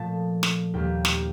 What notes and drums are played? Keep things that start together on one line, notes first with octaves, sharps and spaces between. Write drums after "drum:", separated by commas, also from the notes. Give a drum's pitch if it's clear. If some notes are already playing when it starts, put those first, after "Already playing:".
Already playing: A#2 F3 A3 A5
drum: snare
D#2 D#3 G3 A#3 G5
drum: snare